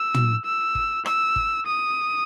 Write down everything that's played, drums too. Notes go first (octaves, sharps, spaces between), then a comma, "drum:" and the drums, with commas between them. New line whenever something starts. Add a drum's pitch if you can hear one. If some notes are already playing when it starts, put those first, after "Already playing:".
Already playing: E6
drum: tom
E6
drum: kick
E6, drum: rim click
drum: kick
D#6